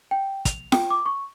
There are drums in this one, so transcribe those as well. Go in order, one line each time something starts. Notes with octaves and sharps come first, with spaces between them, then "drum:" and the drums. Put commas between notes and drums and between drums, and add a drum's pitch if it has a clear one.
G5
F7, drum: kick, hi-hat
G5, drum: snare F4
D6
C#6